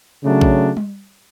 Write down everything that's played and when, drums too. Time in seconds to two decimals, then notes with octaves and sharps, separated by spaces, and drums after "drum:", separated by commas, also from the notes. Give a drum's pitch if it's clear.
0.24 C#3 F#3 A3 D4
0.41 drum: kick A#1
0.77 drum: tom G3